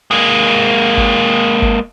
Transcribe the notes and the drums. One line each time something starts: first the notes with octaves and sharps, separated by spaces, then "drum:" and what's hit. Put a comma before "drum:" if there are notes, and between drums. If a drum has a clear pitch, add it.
G#3 A#3
drum: kick G#1
drum: kick G#1